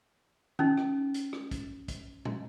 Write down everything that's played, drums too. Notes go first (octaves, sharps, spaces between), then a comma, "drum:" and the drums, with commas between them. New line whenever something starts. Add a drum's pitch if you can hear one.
C#4 D#4, drum: tom D#3
drum: rim click
drum: hi-hat
drum: rim click
drum: kick, hi-hat
drum: kick, hi-hat
drum: tom